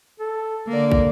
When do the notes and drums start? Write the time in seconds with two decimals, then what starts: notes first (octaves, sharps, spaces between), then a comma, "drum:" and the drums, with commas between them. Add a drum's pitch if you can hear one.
0.20 A4
0.68 D3 A#3 D5
0.92 drum: kick